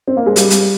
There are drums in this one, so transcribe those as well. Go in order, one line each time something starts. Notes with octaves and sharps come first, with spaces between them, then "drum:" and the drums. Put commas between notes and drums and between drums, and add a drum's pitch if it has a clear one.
C4
A#3
G#3
G3, drum: hi-hat
drum: hi-hat